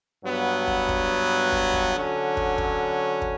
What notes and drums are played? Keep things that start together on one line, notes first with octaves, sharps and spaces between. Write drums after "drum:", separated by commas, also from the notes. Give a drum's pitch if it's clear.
G2 F#3 B3
drum: kick
drum: kick
drum: kick
drum: kick
D3 F#3 C#4
drum: kick
drum: kick
drum: kick